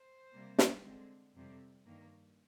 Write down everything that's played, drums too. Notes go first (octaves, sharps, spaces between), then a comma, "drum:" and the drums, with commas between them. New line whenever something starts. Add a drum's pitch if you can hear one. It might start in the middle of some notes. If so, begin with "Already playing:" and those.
Already playing: C5
C3 G3 A#3
drum: snare
D3 G#3 C4
F2 C3 G3 C4
G2 D#3 A#3